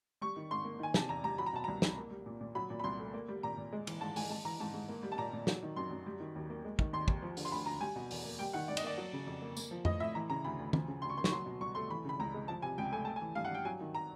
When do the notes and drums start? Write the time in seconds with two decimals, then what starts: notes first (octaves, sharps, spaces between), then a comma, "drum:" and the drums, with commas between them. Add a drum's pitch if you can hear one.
0.21 G3 C#6
0.36 D#3
0.51 G#2 C6
0.65 A#3
0.79 D#3 G#5
0.94 C3 A5, drum: snare
1.09 E2 A#5
1.23 G3 A#5
1.38 F#3 B5
1.46 A#5
1.53 B2 A5
1.64 C2 A#5
1.82 C2, drum: snare
1.97 A#3
2.11 G3
2.26 A#2
2.41 A#2
2.55 F#3 B5
2.70 A#2
2.79 B5
2.84 C2 C6
3.00 A3
3.14 A#3
3.28 G3
3.43 A#2 A#5
3.58 A#2
3.73 G#3
3.87 E3, drum: cymbal
4.01 G#2 A5
4.16 G#2 G#5, drum: open hi-hat
4.30 G#3 A5
4.45 E3 A#5
4.60 G#2 A5
4.74 G#2
4.89 A#3
5.03 G3
5.12 A5
5.18 A#2 A#5
5.33 A#2
5.47 F#3, drum: snare
5.62 D#3
5.76 F#2 C6
5.91 F#2
6.06 G3
6.20 D#3
6.36 D#2
6.50 A#3
6.65 G#3
6.79 D#3, drum: kick
6.93 D#2 C6
7.08 D#2, drum: kick
7.22 F3
7.37 D3, drum: open hi-hat
7.45 C6
7.52 D2 B5
7.66 D2 A#5
7.80 G3 G#5
7.96 B2
8.11 E2, drum: open hi-hat
8.24 A#3
8.39 G3 G5
8.53 D#3 F#5
8.68 G2 D5
8.77 D#5, drum: cymbal
8.84 A#3 D5
8.98 F#3
9.13 C#3
9.27 F2
9.42 A#3
9.57 A#3, drum: tambourine
9.71 F3
9.85 A2 D#5, drum: tom F2
10.00 A2 E5
10.15 E3 A#5
10.30 C#3 A#5
10.44 D2 B5
10.59 D2
10.73 F3, drum: tom
10.88 C#3
11.02 D2 C6
11.10 C#6
11.17 A#3 C6
11.24 C#6, drum: snare
11.31 F#3 C6
11.46 B2
11.61 C2 C#6
11.75 A3 C6
11.90 E3 B5
12.05 C#3 B5
12.19 C#2 A#5
12.34 G#3
12.48 F3 A5
12.62 C3 G#5
12.78 C#2 G5
12.92 A3 G#5
13.05 A3 A5
13.16 G#5
13.21 E3
13.35 G2 F5
13.45 F#5
13.51 G2 G5
13.65 F#3 G#5
13.80 D#3
13.95 A#5